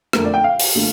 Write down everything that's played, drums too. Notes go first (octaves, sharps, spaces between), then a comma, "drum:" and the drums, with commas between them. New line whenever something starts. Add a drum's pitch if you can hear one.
F2 D3 A3 A#4, drum: rim click
D5
G5
F5
drum: open hi-hat
D3 F3 A3